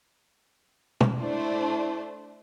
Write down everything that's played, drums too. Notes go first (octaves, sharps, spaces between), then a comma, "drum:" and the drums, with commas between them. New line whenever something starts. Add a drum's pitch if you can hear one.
drum: tom
A3 D4 E4 C5